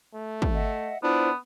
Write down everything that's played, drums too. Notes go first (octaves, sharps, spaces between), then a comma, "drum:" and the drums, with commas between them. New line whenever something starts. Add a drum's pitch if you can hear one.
A3
drum: kick
D#5 E5 F#5
B3 D4 E4 F4 C5